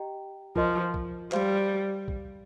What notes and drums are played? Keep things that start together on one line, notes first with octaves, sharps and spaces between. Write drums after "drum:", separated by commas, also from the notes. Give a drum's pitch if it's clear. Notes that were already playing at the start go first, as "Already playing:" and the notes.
Already playing: G4 D#5 G5 A#5
F3 F4 A#4 D#5 C6, drum: kick A#1
drum: kick A#1
G3 C5 F5 C6, drum: clap
drum: kick A#1